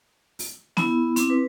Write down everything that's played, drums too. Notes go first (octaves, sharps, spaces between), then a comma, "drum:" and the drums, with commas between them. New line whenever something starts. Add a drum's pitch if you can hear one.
drum: open hi-hat
B3 E4, drum: snare
C4 E4 D6, drum: hi-hat
B4